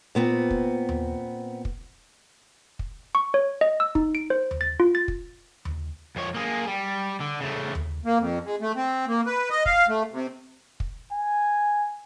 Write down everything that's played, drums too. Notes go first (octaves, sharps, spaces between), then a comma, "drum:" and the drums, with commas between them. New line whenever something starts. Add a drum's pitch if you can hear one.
A#2 B3 C4
drum: kick
drum: tom D#2
drum: kick
drum: kick
C#6
C#5
D#5
E6
D#4, drum: kick
D7
C5
drum: tom D#2
A6
F4
A6
drum: kick
drum: tom D#2
F2 C#5
A#3 G#4
G3
D3
C#3 A3
drum: tom D#2
A#3
F2
G#3
A3
C4
A#3
B4
D#5
F5, drum: kick
A3
C3
drum: kick
G#5